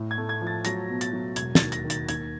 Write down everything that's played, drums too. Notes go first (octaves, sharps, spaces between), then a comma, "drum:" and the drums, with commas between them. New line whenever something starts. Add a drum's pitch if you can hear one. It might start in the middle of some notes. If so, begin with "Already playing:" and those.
Already playing: A2
G#6
A3
G#6
F3
A6
F#3 A#6, drum: hi-hat
B2
A6, drum: hi-hat
F#3
E1 G#6, drum: hi-hat
A6, drum: snare
D#2
A#6, drum: hi-hat
D#3
A6, drum: hi-hat
D#2 G#6, drum: hi-hat